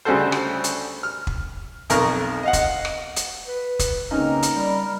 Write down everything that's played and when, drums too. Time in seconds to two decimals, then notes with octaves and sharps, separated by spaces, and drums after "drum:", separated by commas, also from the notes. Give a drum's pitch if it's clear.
0.05 D2 C#3 G3 F#4 A4 C5
0.32 drum: rim click
0.64 drum: hi-hat
1.03 F6
1.27 drum: kick
1.90 B1 F2 A#4 A#5 C#6, drum: hi-hat
2.43 D#5 F5 F#5
2.53 drum: kick, hi-hat
2.85 drum: rim click
3.16 drum: hi-hat
3.47 B4
3.79 drum: kick, hi-hat
4.11 C#3 A#3 C4 C#4 D#4 A#4
4.42 drum: hi-hat
4.54 G3